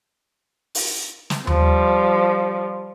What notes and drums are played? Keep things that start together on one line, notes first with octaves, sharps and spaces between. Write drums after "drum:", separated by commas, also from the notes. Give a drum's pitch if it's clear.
drum: open hi-hat
drum: snare
F3 G3, drum: tom D#2